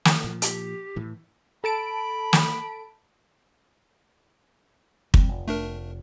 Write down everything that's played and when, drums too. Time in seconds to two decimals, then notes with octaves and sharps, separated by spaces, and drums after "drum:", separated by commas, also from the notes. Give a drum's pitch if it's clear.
0.05 drum: snare
0.24 A#2 F3
0.42 G4, drum: hi-hat
0.96 A2 E3
1.64 A4 A5 B5 D7
2.33 drum: snare
5.14 G3 C4, drum: kick
5.29 F1
5.48 A3 D4 A#4